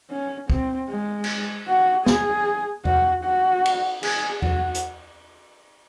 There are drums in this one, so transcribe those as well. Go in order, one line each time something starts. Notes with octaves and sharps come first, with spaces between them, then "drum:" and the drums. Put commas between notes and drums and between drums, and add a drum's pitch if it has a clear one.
C#4
C4, drum: kick
G#3
drum: cymbal
F#4
G#4, drum: snare
F#4, drum: tom E2
F#4
drum: cymbal
G#4, drum: cymbal
F#4, drum: tom E2
drum: hi-hat